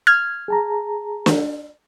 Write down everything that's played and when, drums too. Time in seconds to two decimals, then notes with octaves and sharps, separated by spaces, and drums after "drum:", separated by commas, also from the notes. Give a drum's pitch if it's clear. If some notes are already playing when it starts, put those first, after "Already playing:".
0.07 F6 G#6
0.48 G#4 A5 A#5
1.26 drum: snare